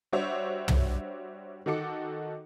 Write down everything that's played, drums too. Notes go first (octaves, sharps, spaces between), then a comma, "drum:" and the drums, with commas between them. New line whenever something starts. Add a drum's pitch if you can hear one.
G3 D4 F#4 C5 C#5 E5
drum: tom
D#3 D#4 F#4 A4 D6 C#7